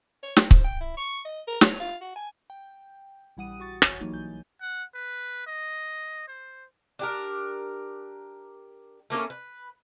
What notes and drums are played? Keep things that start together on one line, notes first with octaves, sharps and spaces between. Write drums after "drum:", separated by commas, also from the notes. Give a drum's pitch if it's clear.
C#5
G5, drum: snare
C5, drum: kick C#1
G5
E4
C#6
D#5
A#4
C#5, drum: snare
F4
F#4
G#5
G5
A#1 E3 G3 F#5 D#6 D#7
F#4 C#6 A6
C#5 G#5, drum: rim click
E3 F#3 G3 A#3 D#4
B1 G6
F#5
B4
D#5
C5
D4 G4 A#4
A3 A#3 C#4 A4
B4